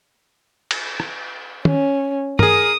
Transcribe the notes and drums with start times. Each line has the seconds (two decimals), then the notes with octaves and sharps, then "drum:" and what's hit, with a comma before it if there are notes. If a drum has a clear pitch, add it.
0.71 drum: cymbal
1.00 drum: rim click
1.65 C#4, drum: tom
2.39 G#4 A#4 D#6, drum: tom